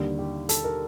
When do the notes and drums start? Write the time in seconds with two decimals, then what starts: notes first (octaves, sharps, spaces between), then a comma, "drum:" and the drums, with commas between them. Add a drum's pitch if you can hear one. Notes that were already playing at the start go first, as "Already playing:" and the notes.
Already playing: D#2 D3 G3
0.19 G4
0.49 A4, drum: hi-hat
0.64 A#4